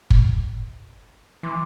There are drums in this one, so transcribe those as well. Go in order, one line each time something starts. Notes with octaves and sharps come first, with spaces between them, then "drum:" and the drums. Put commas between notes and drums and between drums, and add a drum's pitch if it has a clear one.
drum: kick
E3 C6 D6